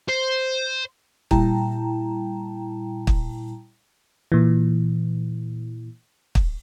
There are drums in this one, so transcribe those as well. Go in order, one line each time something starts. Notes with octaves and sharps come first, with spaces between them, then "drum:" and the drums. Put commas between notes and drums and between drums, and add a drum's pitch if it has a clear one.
C5
A#2 G3 E4 G5 A5 A#5, drum: kick
drum: kick
A#2 E3
drum: kick